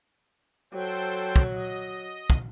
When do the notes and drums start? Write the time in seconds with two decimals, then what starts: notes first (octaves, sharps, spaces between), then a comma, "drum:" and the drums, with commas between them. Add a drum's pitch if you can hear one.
0.73 F#3 A4 C5 G5
1.36 drum: kick
1.51 D#5
2.30 drum: kick